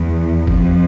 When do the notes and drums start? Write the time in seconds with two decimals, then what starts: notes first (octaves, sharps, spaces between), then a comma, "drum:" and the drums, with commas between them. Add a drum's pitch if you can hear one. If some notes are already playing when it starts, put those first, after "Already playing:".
Already playing: E2
0.47 F2, drum: kick